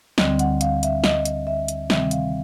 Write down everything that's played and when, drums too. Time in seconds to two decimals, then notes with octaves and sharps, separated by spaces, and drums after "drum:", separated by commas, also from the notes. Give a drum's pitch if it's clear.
0.18 D2 D3 G3 C4 D#5, drum: snare
0.39 F#5, drum: hi-hat
0.61 F5, drum: hi-hat
0.83 E5, drum: hi-hat
1.04 D#5, drum: snare
1.25 drum: hi-hat
1.47 E5
1.68 drum: hi-hat
1.90 C3 D#3 G3 C4 E5, drum: snare
2.11 F5, drum: hi-hat